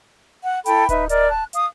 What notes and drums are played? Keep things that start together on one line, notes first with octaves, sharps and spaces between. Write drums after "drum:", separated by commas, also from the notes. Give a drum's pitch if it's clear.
F#5
E4 A4 G5 B5, drum: hi-hat
D#4 B4 E5, drum: kick D1, hi-hat
A#4 D5 D#5, drum: hi-hat
A5 F#6
F5 D#6, drum: hi-hat